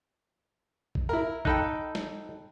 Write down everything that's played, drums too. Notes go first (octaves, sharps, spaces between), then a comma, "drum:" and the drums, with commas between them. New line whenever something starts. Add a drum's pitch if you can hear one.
drum: kick A1
E4 A#4
D#4 A4 G5 B5 F#6, drum: kick A1
drum: snare